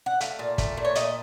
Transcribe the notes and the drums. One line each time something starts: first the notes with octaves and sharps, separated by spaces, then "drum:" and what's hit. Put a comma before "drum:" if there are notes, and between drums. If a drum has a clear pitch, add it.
F#5
A3 F5, drum: hi-hat
A#2
A3, drum: kick, hi-hat
A#2
C#5
A3 D#5, drum: hi-hat